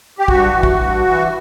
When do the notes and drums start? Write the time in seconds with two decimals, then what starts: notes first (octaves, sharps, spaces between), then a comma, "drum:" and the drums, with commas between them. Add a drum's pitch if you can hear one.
0.19 G4
0.28 G2 F#4, drum: kick
0.54 E3
0.63 drum: kick
0.81 G2
1.07 E3